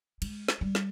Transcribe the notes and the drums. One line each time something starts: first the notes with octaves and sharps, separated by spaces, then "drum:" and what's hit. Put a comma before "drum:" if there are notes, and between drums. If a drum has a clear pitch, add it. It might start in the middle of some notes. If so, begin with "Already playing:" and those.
G#3, drum: cymbal
drum: snare
G3
drum: snare